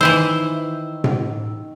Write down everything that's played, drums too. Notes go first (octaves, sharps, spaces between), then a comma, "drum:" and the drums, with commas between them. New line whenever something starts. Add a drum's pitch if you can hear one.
D#3 E3 E4 C5 E6
drum: tom A2